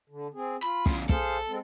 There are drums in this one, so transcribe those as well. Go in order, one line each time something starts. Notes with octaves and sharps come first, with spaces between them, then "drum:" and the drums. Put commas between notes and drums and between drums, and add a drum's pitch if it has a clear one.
D3
C4 G#4
F4 B5
E2 C#3, drum: kick
G#4 A4 C5 F5, drum: kick
G#3 C4